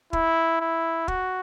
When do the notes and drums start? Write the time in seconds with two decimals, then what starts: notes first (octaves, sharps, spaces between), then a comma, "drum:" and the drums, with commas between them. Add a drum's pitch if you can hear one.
0.13 E4, drum: kick
0.60 E4
1.08 F#4, drum: kick